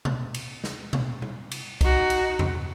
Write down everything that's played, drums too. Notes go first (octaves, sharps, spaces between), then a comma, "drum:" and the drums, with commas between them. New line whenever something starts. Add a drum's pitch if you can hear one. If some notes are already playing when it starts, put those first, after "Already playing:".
drum: tom B2
drum: cymbal
drum: snare
drum: tom B2
drum: tom
drum: cymbal
D#4 F#4, drum: kick, cymbal
drum: cymbal
drum: tom E2